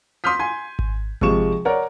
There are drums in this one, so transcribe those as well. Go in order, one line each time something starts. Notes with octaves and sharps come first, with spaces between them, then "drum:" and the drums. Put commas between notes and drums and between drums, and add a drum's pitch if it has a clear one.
C6 D6 D#6 F6 G6 B6
G#5 C6 G#6
drum: kick G#1
C3 F3 G#3 C#6 E7, drum: kick G#1
A#4 C#5 D5 F#5